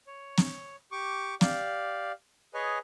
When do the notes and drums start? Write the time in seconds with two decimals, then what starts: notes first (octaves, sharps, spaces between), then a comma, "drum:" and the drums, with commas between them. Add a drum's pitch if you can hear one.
0.07 C#5
0.38 drum: snare
0.92 G4 C#6 D6
1.41 G4 D5 F5, drum: snare
2.54 G#4 B4 C#5 D#5 G#5